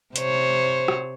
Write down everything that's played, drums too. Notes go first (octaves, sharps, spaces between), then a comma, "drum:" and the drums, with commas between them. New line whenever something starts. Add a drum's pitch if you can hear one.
C3 C5 C#5, drum: hi-hat
drum: rim click